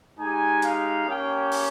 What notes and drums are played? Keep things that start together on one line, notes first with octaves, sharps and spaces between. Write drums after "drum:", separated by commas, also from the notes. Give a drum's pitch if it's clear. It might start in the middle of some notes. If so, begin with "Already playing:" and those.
G#3 D#4 G4 G#5
F5, drum: hi-hat
A#3 C#4 G4 G5
drum: open hi-hat